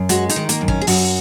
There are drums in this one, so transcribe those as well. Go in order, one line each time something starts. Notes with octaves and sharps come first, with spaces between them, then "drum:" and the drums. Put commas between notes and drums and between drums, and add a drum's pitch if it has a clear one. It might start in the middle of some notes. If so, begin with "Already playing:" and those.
Already playing: F#2
G#3 F#4, drum: hi-hat
D#4, drum: hi-hat
D#3
A#3, drum: hi-hat
F#2
C#4, drum: kick
G#4
F#2 F#4, drum: open hi-hat